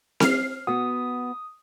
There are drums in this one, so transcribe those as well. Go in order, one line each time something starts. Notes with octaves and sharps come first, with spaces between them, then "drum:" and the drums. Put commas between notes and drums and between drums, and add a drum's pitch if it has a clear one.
F6 C7, drum: snare C4
B3 F#4 F#5 D#6